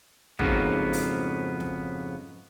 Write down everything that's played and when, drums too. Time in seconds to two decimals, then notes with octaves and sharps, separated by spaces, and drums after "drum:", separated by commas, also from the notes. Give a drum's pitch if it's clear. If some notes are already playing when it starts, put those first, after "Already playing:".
0.39 F2 G#2 C#3 F#3 A#3 B3, drum: kick
0.93 drum: open hi-hat
1.60 drum: snare